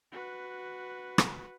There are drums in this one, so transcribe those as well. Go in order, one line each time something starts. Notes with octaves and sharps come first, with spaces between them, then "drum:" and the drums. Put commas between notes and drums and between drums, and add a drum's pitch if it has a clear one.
F#4 B4
drum: rim click